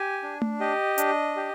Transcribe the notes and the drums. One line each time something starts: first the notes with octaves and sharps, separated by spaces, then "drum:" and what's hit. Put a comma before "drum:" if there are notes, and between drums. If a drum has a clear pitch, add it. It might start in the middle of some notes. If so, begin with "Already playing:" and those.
Already playing: G4 G#5
D4
drum: tom A3
G4 D#5
D4, drum: hi-hat
G4